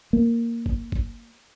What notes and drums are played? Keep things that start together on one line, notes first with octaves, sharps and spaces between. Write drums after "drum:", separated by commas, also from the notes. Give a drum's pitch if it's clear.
A#3
drum: kick G1
drum: kick G1